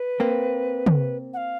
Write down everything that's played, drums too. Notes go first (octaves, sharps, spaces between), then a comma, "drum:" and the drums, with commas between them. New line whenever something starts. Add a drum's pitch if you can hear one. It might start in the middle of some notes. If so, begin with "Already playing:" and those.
Already playing: B4
A#3 C4
drum: tom
F#5
F5